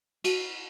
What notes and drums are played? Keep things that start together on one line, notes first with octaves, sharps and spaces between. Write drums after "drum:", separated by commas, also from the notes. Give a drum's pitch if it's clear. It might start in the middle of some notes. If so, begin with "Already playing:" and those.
F#4, drum: cymbal